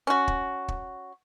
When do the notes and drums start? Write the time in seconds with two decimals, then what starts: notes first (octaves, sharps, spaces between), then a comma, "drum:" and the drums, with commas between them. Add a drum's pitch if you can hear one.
0.07 C#4 F#4
0.28 drum: kick
0.68 drum: kick